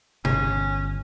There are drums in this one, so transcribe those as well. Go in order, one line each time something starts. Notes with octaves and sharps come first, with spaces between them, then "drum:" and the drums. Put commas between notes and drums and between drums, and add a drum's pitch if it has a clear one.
G1 C#4, drum: tom B2